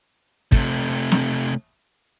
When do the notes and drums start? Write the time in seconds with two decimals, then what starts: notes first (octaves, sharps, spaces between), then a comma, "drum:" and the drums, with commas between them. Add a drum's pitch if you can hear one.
0.52 C3 A3, drum: kick
1.12 drum: snare